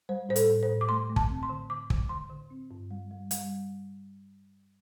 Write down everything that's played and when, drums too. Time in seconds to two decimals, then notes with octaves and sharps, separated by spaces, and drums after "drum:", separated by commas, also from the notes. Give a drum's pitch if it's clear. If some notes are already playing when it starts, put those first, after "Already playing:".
0.09 G3 C5
0.29 A2 C5
0.36 A4, drum: hi-hat
0.49 A2
0.63 C5
0.69 A2
0.81 D6
0.89 A3 C6
1.10 A3
1.16 A5, drum: kick
1.29 C4
1.43 C6
1.50 D3
1.70 D3 D6
1.90 D3, drum: kick
2.09 D3 C6
2.30 D3
2.50 C4
2.71 G2
2.91 G3
3.11 G3
3.31 G3, drum: hi-hat